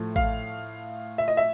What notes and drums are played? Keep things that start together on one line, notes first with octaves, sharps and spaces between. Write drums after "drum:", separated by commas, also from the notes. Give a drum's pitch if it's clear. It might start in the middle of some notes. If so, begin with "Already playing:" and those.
Already playing: A2 F3 A3
F5, drum: kick A1
E5
D#5
E5